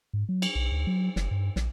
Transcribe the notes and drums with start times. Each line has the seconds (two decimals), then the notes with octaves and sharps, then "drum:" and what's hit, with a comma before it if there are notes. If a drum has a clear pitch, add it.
0.13 G#2
0.29 F#3
0.42 drum: cymbal
0.55 B1
0.72 D2
0.87 F#3
1.16 F#1, drum: snare
1.31 G2
1.56 A#1, drum: snare